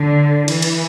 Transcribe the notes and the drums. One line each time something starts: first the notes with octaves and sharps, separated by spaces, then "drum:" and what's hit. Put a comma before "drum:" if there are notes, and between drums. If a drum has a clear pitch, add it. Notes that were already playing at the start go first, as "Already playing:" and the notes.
Already playing: D3
E3, drum: cymbal
drum: cymbal